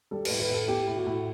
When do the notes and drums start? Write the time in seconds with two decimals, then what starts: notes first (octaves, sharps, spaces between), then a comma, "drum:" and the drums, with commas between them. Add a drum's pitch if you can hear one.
0.11 G3 A4
0.25 B4, drum: cymbal
0.31 A2
0.40 B4
0.50 A2 A4
0.68 B3 G4
0.88 A2
0.97 F#4
1.07 A2